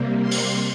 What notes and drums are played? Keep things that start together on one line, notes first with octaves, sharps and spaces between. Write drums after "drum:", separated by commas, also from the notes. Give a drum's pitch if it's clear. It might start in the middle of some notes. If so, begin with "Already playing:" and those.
Already playing: C3 G3 A#3
C6
drum: open hi-hat